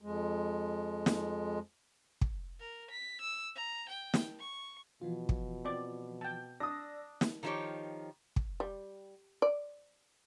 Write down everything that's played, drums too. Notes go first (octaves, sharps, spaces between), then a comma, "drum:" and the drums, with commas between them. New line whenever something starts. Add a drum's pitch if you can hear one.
F2 G#3
drum: snare
drum: kick
A#4
B6
E6
A#5
G5
drum: snare
C#6
B2 E3 F3 F4
drum: kick
C4 D5
G5 A5
D4 D5 D#6 E6 A#6
drum: snare
D#3 F3 A#3 D#4 G4 C#5
drum: kick
G3
D5